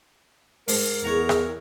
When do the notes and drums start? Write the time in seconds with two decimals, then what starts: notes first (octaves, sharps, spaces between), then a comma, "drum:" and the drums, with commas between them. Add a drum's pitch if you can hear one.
0.68 G#2 A#4, drum: open hi-hat
1.04 E2 G#4 C#5 F#5 A#5
1.29 drum: rim click